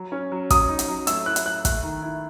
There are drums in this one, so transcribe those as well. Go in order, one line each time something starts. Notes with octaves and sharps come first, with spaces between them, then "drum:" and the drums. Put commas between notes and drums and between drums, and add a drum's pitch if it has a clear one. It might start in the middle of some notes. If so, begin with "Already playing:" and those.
Already playing: F#3
C#4
F#3
F#3 D#6, drum: kick, hi-hat
D#4
drum: hi-hat
F#3
A3 E6, drum: hi-hat
E4 F#6
drum: hi-hat
E4 F#6
A3 F#6, drum: kick, hi-hat
D#3
E4